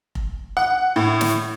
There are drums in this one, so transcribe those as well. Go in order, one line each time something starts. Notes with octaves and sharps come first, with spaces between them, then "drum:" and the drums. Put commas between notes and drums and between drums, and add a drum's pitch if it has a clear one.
drum: kick F1
F#5
A2
drum: snare